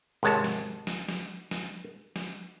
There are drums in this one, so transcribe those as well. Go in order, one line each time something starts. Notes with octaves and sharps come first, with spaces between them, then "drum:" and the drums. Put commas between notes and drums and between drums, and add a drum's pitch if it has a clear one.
G#1 C3 G#3 C#5 A5
drum: snare
drum: snare
drum: snare
drum: snare
drum: snare